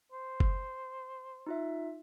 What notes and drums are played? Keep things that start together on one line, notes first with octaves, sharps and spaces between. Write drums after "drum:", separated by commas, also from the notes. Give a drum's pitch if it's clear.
C5
drum: kick F#1
D#4 F4 E5